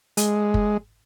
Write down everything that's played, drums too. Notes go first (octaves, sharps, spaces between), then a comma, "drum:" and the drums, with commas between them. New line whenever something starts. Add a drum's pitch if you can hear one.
G#3, drum: hi-hat
drum: kick